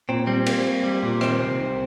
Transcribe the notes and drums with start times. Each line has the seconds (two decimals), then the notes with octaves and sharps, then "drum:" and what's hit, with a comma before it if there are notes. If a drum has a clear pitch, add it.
0.09 A#2 C4
0.27 G3 C4
0.46 A#3 C4, drum: cymbal
0.65 A#3
0.84 G3
1.03 A#2
1.21 D#3 C4, drum: rim click
1.40 C3
1.59 C2